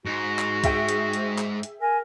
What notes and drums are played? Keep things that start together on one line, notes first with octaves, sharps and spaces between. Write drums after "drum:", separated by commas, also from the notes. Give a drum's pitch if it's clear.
G#2 F#4
drum: clap
G#4 E5 G5, drum: kick, hi-hat
drum: hi-hat
drum: hi-hat
drum: clap
drum: hi-hat
A#4 G#5